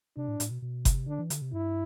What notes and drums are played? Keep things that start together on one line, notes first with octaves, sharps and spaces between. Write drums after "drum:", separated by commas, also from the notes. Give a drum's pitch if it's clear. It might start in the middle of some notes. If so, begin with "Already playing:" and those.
C3 D4
A2
A2, drum: hi-hat
B2
B2
C3, drum: kick F#1, hi-hat
D3 D4
E3
D3, drum: hi-hat
C3
G2 E4